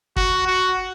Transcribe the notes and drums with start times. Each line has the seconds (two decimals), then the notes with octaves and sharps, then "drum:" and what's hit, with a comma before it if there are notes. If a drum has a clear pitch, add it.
0.16 F#4, drum: kick
0.47 F#4